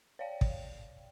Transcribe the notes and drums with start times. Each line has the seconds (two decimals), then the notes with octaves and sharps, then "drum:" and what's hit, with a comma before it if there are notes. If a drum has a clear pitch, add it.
0.19 C#5 D5 F5 G5
0.41 drum: kick